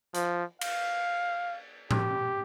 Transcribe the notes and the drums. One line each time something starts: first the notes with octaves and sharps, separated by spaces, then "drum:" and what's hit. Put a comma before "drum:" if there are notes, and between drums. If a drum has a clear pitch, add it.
F3, drum: hi-hat
F5, drum: cymbal
G4, drum: tom A2